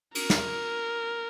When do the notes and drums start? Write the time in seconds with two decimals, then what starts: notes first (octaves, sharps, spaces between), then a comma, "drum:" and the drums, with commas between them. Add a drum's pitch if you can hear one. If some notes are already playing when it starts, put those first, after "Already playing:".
0.15 A#4, drum: cymbal
0.30 drum: snare